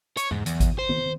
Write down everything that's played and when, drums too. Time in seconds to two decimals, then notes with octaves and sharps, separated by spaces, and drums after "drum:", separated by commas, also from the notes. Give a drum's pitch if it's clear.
0.17 C#5, drum: hi-hat
0.31 G#2, drum: tom E2
0.46 E2, drum: hi-hat
0.60 drum: kick G#1, hi-hat
0.79 C5
0.89 drum: tom